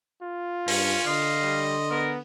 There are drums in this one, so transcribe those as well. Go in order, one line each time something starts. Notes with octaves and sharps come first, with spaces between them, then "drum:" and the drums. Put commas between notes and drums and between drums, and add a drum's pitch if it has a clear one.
F4
G2 C#4, drum: open hi-hat
D3 D#5 F5 C6
G3
B3 A#4